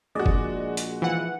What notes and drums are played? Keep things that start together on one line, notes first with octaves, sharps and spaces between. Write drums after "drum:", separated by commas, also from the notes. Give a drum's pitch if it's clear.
A#1 G#3 F#4 G#4 D5 D#5
drum: kick F#1
drum: hi-hat
E3 F3 F#5